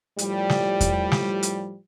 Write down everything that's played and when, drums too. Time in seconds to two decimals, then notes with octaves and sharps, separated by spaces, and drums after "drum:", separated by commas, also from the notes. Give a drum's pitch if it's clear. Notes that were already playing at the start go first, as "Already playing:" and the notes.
0.19 A2 F3 G3, drum: hi-hat
0.50 drum: snare
0.81 drum: kick E2, hi-hat
1.12 drum: snare
1.43 drum: hi-hat